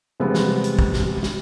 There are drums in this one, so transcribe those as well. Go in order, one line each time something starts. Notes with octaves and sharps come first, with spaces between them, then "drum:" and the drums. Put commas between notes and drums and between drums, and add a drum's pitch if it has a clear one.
E2 C3 F3 G3 G#3 B3
drum: snare
drum: hi-hat
drum: kick
drum: snare
drum: snare